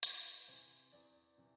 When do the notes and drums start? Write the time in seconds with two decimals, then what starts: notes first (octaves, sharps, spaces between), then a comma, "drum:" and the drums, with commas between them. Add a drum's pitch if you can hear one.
0.03 E2 B4, drum: hi-hat
0.48 C3 E3 C5
0.92 E2 D5
1.38 C3 E3